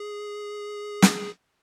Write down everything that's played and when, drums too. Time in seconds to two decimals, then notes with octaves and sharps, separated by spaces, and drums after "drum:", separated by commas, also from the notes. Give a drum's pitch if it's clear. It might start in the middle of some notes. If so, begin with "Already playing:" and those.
Already playing: G#4
1.02 drum: snare